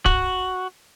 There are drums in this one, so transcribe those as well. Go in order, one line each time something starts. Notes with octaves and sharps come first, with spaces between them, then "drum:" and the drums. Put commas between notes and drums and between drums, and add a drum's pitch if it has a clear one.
F#4, drum: kick